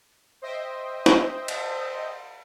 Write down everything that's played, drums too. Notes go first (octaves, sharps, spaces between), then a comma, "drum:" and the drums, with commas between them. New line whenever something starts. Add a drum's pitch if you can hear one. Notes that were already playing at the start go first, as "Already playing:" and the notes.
C5 D#5 E5 G5
drum: snare
drum: cymbal